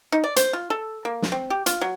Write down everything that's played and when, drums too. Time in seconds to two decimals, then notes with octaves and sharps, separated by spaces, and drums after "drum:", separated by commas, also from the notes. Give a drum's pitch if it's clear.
0.12 D#4
0.24 D5
0.36 C5, drum: hi-hat
0.53 F4
0.70 A4
1.05 A#3
1.22 drum: snare
1.32 C4
1.50 G4
1.66 F4, drum: hi-hat
1.81 F#3